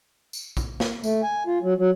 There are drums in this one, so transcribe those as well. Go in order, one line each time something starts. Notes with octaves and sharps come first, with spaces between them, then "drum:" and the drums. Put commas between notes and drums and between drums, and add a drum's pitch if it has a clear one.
drum: tambourine
drum: kick, tambourine
drum: snare
A3, drum: tambourine
G#5
F4
F#3
F#3